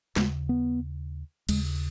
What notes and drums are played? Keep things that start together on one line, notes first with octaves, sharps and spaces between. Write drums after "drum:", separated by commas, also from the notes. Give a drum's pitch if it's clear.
D#2 C#3 G#3, drum: snare
B3
D#2 C#3 G#3, drum: cymbal